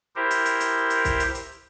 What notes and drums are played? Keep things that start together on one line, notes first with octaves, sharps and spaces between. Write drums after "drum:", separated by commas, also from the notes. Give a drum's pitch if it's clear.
E4 G4 A#4 C5
drum: hi-hat
drum: hi-hat
drum: hi-hat
drum: hi-hat
drum: kick, hi-hat
drum: hi-hat
drum: hi-hat